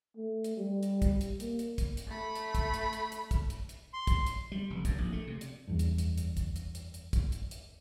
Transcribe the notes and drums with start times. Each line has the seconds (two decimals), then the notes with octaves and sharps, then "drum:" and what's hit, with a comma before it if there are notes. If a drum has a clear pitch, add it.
0.17 A3
0.44 drum: hi-hat
0.57 G3
0.83 drum: hi-hat
1.02 drum: kick, hi-hat
1.21 drum: hi-hat
1.40 A#3, drum: hi-hat
1.59 drum: hi-hat
1.78 drum: kick, hi-hat
1.97 drum: hi-hat
2.08 A3 B5
2.35 drum: hi-hat
2.55 drum: kick, hi-hat
2.74 drum: hi-hat
2.93 drum: hi-hat
3.12 drum: hi-hat
3.31 drum: kick, hi-hat
3.50 drum: hi-hat
3.69 drum: hi-hat
3.94 C6
4.07 drum: kick, hi-hat
4.27 drum: hi-hat
4.52 G3
4.70 F1
4.85 F#2, drum: kick, hi-hat
4.98 A#1
5.12 A3
5.27 C3
5.41 drum: hi-hat
5.68 F#1 E2 G2
5.79 drum: hi-hat
5.98 drum: hi-hat
6.18 drum: hi-hat
6.37 drum: kick, hi-hat
6.56 drum: hi-hat
6.75 drum: hi-hat
6.94 drum: hi-hat
7.13 drum: kick, hi-hat
7.32 drum: hi-hat
7.51 drum: hi-hat